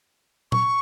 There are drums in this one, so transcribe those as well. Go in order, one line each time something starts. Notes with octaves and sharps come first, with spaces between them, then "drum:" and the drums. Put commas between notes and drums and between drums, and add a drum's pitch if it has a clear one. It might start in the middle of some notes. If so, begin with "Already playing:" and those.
C#6, drum: tom A#2